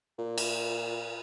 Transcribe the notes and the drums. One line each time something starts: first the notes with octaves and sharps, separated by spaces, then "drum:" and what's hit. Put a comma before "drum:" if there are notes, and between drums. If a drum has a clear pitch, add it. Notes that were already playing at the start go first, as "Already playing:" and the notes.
A#2
drum: cymbal